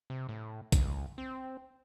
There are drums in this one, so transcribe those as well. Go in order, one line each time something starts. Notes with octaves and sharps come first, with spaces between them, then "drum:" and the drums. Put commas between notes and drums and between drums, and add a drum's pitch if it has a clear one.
C3
A2
C#2, drum: kick, hi-hat
C4